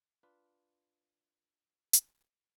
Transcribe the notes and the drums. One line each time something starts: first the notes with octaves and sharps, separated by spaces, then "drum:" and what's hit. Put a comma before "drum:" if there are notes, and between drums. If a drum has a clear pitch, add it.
D4 F4 B4
drum: hi-hat